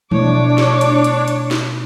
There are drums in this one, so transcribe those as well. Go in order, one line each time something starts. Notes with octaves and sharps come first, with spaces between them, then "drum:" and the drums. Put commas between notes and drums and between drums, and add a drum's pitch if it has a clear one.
B2 A3 D4 E4 C#5 D6, drum: tom E3
drum: snare
drum: hi-hat
drum: hi-hat
drum: hi-hat
drum: snare